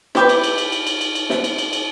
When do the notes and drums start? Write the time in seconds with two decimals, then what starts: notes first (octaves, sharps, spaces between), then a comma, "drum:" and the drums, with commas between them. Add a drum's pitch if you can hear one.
0.15 E4 G4 B4, drum: snare
0.29 drum: cymbal
0.44 drum: cymbal
0.58 drum: cymbal
0.72 drum: cymbal
0.87 drum: cymbal
1.01 drum: cymbal
1.15 drum: cymbal
1.30 drum: snare
1.44 drum: cymbal
1.58 drum: cymbal
1.73 drum: cymbal